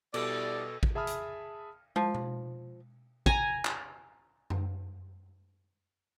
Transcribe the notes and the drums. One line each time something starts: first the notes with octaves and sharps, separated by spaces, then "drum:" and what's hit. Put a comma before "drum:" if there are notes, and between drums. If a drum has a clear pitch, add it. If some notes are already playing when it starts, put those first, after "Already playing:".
B2 G3 E4 A4 D5, drum: cymbal
drum: kick A1
G#4 E5 A5 B5 D#6 F6
drum: hi-hat
F3, drum: tom
drum: tom B2
G#5 A#5, drum: kick A1
drum: clap
drum: tom F#2